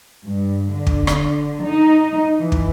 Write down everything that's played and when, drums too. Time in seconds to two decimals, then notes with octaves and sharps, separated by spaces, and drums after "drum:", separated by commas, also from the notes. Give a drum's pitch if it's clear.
0.25 G2
0.72 D3
0.87 drum: kick
1.07 drum: rim click
1.63 D#4
2.37 E3
2.52 drum: kick